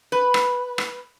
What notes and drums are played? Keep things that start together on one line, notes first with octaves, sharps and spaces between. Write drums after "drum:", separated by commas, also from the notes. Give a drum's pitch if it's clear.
B4
drum: rim click
drum: rim click